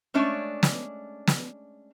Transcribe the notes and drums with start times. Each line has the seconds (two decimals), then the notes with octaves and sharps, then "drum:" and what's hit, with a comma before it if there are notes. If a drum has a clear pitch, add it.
0.14 G#3 A3 C#4 D4 C#5 D5
0.63 drum: snare
1.27 drum: snare